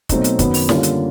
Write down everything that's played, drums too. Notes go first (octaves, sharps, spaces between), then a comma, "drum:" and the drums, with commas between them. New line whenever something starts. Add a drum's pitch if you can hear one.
B2 F#3 A3 C4 D#4, drum: kick, hi-hat
drum: hi-hat
F#2 D#3 F#3 B3, drum: kick, hi-hat
drum: open hi-hat
D3 G3 A#3 C#4 F4, drum: snare
drum: hi-hat